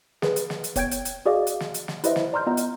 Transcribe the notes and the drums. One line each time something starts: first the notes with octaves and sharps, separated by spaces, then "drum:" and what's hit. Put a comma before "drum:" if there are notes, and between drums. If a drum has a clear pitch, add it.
G#4 B4, drum: snare
drum: hi-hat
drum: snare
drum: hi-hat
B3 C#5 G5 G6 G#6 D7, drum: kick F1, hi-hat
drum: hi-hat
drum: hi-hat
F#4 G#4 D5 D#5 F5 D6
drum: hi-hat
drum: snare
drum: hi-hat
drum: snare
E4 G4 B4 C5 D#5 E5, drum: hi-hat
drum: snare
D5 A#5 C6 F6 G6
B3 F4 D#5 A#5
drum: hi-hat